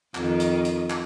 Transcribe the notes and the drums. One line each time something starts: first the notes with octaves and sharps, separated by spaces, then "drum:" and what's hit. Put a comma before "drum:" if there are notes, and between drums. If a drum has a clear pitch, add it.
F2 D#3, drum: clap
drum: hi-hat
drum: hi-hat
drum: clap